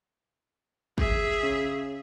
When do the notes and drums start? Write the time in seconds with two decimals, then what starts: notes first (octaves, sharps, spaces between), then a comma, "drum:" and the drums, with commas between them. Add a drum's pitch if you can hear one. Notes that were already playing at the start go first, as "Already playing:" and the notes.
0.98 G#4 E5, drum: kick
1.43 C#3